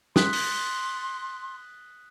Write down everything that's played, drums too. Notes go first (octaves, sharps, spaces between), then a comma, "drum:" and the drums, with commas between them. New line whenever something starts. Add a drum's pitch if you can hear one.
C6 D#6 F#6 B6, drum: snare
drum: open hi-hat